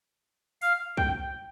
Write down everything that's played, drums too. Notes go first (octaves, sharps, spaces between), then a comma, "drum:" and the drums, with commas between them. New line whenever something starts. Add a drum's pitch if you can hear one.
F5, drum: open hi-hat
G5, drum: kick C2